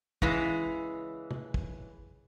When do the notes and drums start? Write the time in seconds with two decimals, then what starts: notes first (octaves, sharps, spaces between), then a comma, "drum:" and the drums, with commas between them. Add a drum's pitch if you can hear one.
0.22 C#3 E3 G#3, drum: kick
1.31 drum: tom C3
1.54 drum: kick